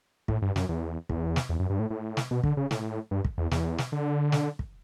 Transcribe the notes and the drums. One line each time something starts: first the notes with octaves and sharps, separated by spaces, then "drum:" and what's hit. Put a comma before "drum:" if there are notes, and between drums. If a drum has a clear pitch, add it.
A2, drum: kick
G2
F#2, drum: snare
E2
E2, drum: kick
drum: snare
E2
F#2
G2
A2
A2
drum: snare
B2
D3, drum: kick
C#3
A2, drum: snare
G2
drum: kick
E2
E2, drum: snare
drum: snare
D3
drum: snare
drum: kick